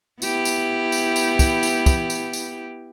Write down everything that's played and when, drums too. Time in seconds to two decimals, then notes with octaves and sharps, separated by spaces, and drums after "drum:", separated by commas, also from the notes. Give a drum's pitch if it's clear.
0.22 B3 E4 G4, drum: tambourine
0.45 drum: tambourine
0.92 drum: tambourine
1.16 drum: tambourine
1.39 drum: kick, tambourine
1.63 drum: tambourine
1.86 drum: kick, tambourine
2.10 drum: tambourine
2.33 drum: tambourine